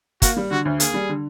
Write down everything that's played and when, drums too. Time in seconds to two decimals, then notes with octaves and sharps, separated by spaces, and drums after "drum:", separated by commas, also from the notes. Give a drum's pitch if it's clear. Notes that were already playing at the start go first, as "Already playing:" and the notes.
0.22 A#3 F#4, drum: kick, hi-hat
0.37 G3
0.51 D3 F#4
0.65 D2
0.80 A#3 G#4, drum: hi-hat
0.94 G3
1.09 D3